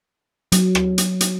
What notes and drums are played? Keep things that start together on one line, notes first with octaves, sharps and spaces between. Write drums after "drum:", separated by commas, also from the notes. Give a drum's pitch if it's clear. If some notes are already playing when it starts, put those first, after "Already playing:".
F#3, drum: hi-hat
drum: rim click
drum: hi-hat
drum: hi-hat